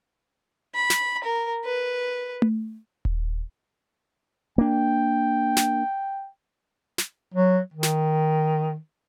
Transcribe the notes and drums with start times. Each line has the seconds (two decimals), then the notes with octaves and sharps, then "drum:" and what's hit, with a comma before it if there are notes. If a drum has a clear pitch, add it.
0.75 B5
0.90 drum: snare
1.24 A#4
1.64 B4
2.42 drum: tom A3
3.05 drum: kick D#1
4.58 A#3 D4 G5
5.57 drum: snare
6.98 drum: snare
7.34 F#3
7.74 D#3
7.83 drum: snare